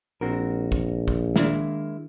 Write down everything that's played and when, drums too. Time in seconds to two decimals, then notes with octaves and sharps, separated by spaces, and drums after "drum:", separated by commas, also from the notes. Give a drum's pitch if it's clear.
0.21 A#1 C4 F#4 A#4
0.72 drum: kick
1.08 drum: kick
1.36 D#3 G#3 A#3 D4 E4, drum: snare